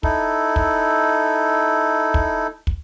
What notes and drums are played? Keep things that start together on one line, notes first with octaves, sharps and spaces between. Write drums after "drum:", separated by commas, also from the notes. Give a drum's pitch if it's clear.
D#4 E4 A4, drum: kick
drum: kick
drum: kick
drum: kick